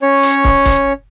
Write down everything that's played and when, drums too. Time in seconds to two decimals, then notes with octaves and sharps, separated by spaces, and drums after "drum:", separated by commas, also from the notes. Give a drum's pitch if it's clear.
0.02 C#4 C#5
0.23 drum: hi-hat
0.44 drum: kick
0.65 drum: kick, hi-hat